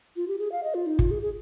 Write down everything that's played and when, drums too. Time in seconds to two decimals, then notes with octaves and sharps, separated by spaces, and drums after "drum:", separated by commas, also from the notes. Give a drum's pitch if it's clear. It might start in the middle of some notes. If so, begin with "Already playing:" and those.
0.16 F4
0.28 G4
0.39 G#4
0.52 F5
0.64 D#5
0.74 F4
0.86 D#4
0.99 F4, drum: kick
1.11 G#4
1.22 G#4